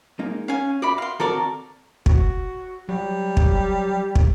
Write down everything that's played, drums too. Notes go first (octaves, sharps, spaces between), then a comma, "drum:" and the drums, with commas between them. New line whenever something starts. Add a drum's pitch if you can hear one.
G#3 A#3 D#4
C#4 F5 G#5
F#4 D5 E5 B5
F5 C6
D#3 C4 F#4 A4 A#4 D5
F#4, drum: kick
F#3 G3
drum: kick
drum: kick